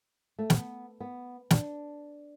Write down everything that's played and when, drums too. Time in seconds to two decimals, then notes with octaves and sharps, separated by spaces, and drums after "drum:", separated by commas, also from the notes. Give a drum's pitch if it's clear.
0.39 A3
0.50 B3, drum: snare
1.00 B3
1.50 D4, drum: snare